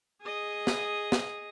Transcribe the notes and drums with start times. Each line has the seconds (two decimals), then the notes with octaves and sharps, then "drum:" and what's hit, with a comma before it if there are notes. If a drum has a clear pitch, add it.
0.22 G#4 D#5
0.67 drum: snare
1.12 drum: snare